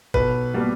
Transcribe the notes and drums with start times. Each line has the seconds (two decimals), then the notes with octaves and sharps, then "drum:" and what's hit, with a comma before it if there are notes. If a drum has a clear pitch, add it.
0.14 B1 B4, drum: kick G#1
0.54 B2 G3 A#3